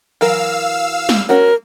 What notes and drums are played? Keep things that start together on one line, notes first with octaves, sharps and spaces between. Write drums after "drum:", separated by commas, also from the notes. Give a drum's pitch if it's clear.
E3 F#3 A#4 F5 E6
drum: snare
C#4 F#4 A#4